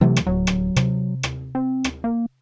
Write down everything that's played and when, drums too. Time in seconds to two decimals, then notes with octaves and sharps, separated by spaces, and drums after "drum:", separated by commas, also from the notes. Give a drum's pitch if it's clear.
0.01 C3 E3 F#3 A3
0.16 drum: rim click
0.27 D1 F#3
0.47 drum: rim click
0.76 C3, drum: rim click
1.23 drum: rim click
1.55 C4
1.84 drum: rim click
2.04 A#3